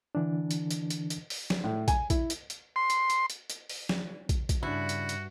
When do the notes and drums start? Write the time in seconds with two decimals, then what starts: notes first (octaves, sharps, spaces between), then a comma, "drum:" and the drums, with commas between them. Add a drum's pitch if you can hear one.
0.15 D3 E3 D4
0.51 drum: hi-hat
0.71 drum: hi-hat
0.90 drum: hi-hat
1.10 drum: hi-hat
1.30 drum: open hi-hat
1.50 drum: snare
1.64 A2
1.88 G#5, drum: kick, hi-hat
2.10 E4, drum: kick, hi-hat
2.30 drum: hi-hat
2.50 drum: hi-hat
2.76 C6
2.90 drum: hi-hat
3.10 drum: hi-hat
3.30 drum: hi-hat
3.50 drum: hi-hat
3.69 drum: open hi-hat
3.89 drum: snare
4.29 drum: kick, hi-hat
4.49 drum: kick, hi-hat
4.63 G2 C#3 D4 E4 F#4
4.89 drum: hi-hat
5.09 drum: hi-hat